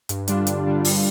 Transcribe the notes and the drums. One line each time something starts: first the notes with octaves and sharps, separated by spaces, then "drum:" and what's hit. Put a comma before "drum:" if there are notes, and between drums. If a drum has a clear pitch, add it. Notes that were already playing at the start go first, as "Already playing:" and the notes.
G2, drum: hi-hat
D3 G3 D4 F4, drum: hi-hat
G2, drum: hi-hat
D3 G3 D4 F4
G2, drum: open hi-hat